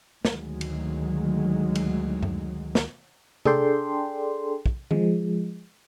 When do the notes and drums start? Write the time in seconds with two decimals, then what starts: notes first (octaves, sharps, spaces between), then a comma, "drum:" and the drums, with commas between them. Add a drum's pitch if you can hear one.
0.25 D2 D#3 F#3 G#3, drum: snare
0.61 drum: cymbal
1.75 drum: cymbal
2.23 drum: tom F#2
2.75 drum: snare
3.45 D4 G#4 A4 D5 G5 C6, drum: tom
4.66 drum: kick
4.91 F3 G#3, drum: tom D#3